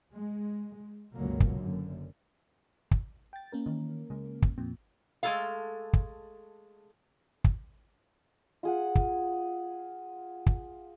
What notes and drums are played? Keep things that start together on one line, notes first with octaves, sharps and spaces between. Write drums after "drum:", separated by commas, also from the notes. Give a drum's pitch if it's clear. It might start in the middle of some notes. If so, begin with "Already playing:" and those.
G#3
G1 C#2 B2 F#3 A#3
drum: kick
F#1 F#2 D3
drum: kick
G5 A6
A#3 C#4 A#4
D#3 E3
C#3 G#3
drum: kick
F2 A#2 C4
G#3 A3 E4 F4 A4 F5
drum: kick
drum: kick
F4 G#4 F#5
drum: kick
drum: kick